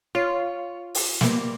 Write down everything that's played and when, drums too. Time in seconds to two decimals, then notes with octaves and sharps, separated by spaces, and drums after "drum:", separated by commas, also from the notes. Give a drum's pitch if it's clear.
0.15 F4 C#5
0.95 drum: open hi-hat
1.21 G3 A#3 C4, drum: snare